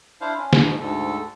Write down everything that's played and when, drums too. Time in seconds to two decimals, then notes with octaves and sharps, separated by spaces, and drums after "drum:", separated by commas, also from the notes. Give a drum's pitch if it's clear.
0.21 D4 E4 C5 F5
0.38 C#4
0.53 drum: snare
0.65 G#2 B2 F3
0.81 D2 G#2 D3 A4